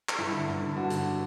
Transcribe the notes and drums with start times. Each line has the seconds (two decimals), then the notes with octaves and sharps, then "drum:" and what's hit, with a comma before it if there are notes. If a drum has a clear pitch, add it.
0.09 drum: clap
0.18 G2 E4
0.33 D3
0.48 G2
0.62 D3
0.76 G2 F#4
0.90 D3, drum: hi-hat